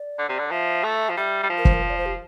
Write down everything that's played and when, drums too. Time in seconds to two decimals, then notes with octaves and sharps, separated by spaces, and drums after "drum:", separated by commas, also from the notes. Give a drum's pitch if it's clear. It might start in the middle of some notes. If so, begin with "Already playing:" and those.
Already playing: D5
0.19 D3
0.29 C3
0.39 D3
0.51 F3 E5
0.84 A3
1.09 F3
1.17 G3 E5
1.43 G3
1.49 F3
1.58 A#4
1.65 C5, drum: kick
1.73 A#4
1.83 C5
1.90 D5
1.98 C5
2.06 G4